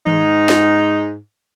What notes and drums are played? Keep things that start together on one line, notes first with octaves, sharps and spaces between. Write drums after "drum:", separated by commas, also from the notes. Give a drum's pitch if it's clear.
G#2 D#4, drum: tom D#3
drum: snare